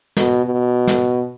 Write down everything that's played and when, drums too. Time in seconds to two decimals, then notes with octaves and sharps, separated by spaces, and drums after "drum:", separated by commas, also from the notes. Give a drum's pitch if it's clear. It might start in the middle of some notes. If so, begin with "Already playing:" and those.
0.17 B2, drum: snare
0.45 B2
0.87 drum: snare